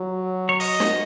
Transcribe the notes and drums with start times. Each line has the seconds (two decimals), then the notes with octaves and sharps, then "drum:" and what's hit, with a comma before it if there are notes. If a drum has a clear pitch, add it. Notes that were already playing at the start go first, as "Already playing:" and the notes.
Already playing: F#3
0.49 C#5
0.60 D#5, drum: open hi-hat
0.80 drum: snare